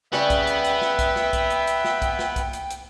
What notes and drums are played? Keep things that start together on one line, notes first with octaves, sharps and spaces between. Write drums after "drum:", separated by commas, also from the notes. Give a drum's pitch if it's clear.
C#3 G3 B3 E5 G5, drum: snare
drum: kick B1, hi-hat
drum: hi-hat
drum: hi-hat
drum: snare
drum: kick B1, hi-hat
drum: snare
drum: kick B1, hi-hat
drum: hi-hat
drum: hi-hat
drum: snare
drum: kick B1, hi-hat
drum: snare
drum: kick B1, hi-hat
drum: hi-hat
drum: hi-hat